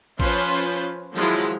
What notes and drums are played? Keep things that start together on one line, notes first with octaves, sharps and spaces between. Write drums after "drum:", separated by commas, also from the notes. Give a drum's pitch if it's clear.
F3 C#4 F4 B4 C5, drum: kick
D#3 F3 F#3 G#3 E4 F4, drum: tambourine